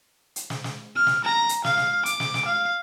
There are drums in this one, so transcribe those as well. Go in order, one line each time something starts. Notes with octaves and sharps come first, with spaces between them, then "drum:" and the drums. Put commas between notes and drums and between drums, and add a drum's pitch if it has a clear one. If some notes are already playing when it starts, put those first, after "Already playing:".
drum: hi-hat
drum: snare
drum: snare
F6
drum: snare
A#5
drum: hi-hat
F5, drum: snare
drum: snare
D6, drum: hi-hat
drum: snare
drum: snare
F5